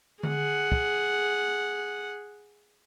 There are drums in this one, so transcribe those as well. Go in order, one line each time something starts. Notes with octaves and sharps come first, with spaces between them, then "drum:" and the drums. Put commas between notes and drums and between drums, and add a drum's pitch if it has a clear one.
G#4 F#5, drum: tom D3
drum: kick